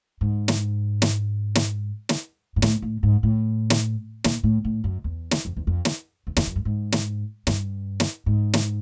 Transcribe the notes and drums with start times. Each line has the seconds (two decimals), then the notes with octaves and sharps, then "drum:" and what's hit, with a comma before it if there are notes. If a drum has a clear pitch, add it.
0.21 G#2
0.48 drum: snare
1.02 drum: snare
1.55 drum: snare
2.09 drum: snare
2.56 G#2
2.62 A2, drum: snare
2.82 A2
3.03 G#2
3.23 A2
3.70 drum: snare
4.24 A#2, drum: snare
4.43 A2
4.65 A2
4.84 F#2
5.04 E2
5.31 drum: snare
5.45 F2
5.57 E2
5.67 F2
5.85 drum: snare
6.27 E2
6.37 F2, drum: snare
6.46 F#2
6.56 G2
6.65 G#2
6.92 drum: snare
7.47 G2, drum: snare
8.00 drum: snare
8.26 G#2
8.54 drum: snare